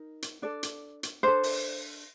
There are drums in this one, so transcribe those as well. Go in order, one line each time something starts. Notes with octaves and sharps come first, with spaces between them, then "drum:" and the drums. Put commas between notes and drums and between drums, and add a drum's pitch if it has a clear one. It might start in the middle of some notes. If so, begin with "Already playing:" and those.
Already playing: D#4 A#4
drum: hi-hat
D4 A4 D5
drum: hi-hat
drum: hi-hat
D4 A4 C5
drum: open hi-hat